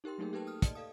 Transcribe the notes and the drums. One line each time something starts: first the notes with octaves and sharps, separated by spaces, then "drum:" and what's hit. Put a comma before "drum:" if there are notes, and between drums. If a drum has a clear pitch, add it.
D#4 G4 A#4 G5 C6
F#3 A3 A#3 D#4 G#4 A#4
G4 A4 B4 G5 A5
D#6 F6
D5 D#5 A5, drum: kick, hi-hat
A4 F5 D#6